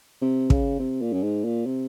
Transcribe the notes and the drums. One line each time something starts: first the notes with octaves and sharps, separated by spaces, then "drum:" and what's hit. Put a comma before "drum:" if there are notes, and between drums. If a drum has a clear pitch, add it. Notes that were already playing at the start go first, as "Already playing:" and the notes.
C3
C#3, drum: kick
C3
A#2
F#2
G#2
A#2
C3